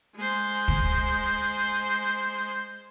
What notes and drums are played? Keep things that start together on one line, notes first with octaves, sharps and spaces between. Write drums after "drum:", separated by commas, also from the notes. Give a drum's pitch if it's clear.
G#3 C5
drum: kick